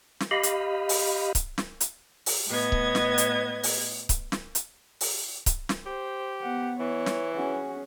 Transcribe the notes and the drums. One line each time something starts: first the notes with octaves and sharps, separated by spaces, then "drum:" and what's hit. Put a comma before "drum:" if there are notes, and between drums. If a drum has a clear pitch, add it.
drum: snare
G4 D#5 F5 B5
drum: hi-hat
drum: open hi-hat
drum: kick C#1, hi-hat
drum: snare
drum: hi-hat
drum: open hi-hat
A2 B3 D#5 G#6
drum: kick C#1
drum: snare
drum: hi-hat
drum: open hi-hat
drum: kick C#1, hi-hat
drum: snare
drum: hi-hat
drum: open hi-hat
drum: kick C#1, hi-hat
drum: snare
G4 C5
B3 F#5
E3 C#5
drum: snare
C#4 F#4 G#4